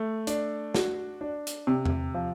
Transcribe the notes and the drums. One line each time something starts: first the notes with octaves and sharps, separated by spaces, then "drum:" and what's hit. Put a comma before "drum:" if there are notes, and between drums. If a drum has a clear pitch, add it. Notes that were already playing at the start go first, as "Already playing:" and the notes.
Already playing: A3
D4, drum: hi-hat
F#4, drum: snare
D4
drum: hi-hat
C3
drum: tom E2
F3